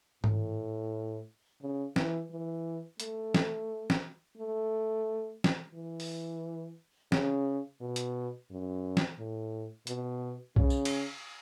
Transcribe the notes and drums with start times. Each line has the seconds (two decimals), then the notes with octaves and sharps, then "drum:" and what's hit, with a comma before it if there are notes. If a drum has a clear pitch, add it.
0.24 A2, drum: tom G#2
1.62 C#3
1.96 E3, drum: snare
2.31 E3
3.00 A3, drum: hi-hat
3.34 drum: snare
3.90 drum: snare
4.38 A3
5.44 drum: snare
5.74 E3
6.00 drum: open hi-hat
7.12 C#3, drum: snare
7.81 B2
7.96 drum: hi-hat
8.50 F#2
8.97 drum: snare
9.18 A2
9.87 B2, drum: hi-hat
10.56 C#3, drum: kick B1
10.70 drum: tambourine
10.85 drum: cymbal